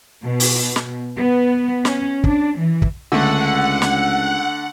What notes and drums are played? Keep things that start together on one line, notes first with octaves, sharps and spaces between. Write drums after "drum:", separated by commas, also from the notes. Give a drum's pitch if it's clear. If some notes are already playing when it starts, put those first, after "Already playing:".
B2
drum: open hi-hat
drum: snare
B3
C#4, drum: snare
D4, drum: kick
E3
drum: kick
C#2 D3 A3 F#5
drum: snare